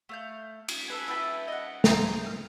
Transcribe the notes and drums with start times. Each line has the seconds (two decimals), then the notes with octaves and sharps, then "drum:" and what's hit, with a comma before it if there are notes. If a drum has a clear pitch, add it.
0.09 A3 F5 G6
0.68 drum: cymbal
0.88 A4 B4 G#5
1.08 E4 B4 G5 A5
1.48 D#5 F#5
1.84 G#4 C5 G5 A#5, drum: snare
2.26 F6